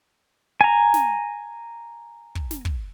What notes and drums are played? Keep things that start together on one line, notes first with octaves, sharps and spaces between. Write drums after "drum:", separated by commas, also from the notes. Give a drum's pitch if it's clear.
G#5 A#5
drum: snare
drum: kick
drum: snare
drum: kick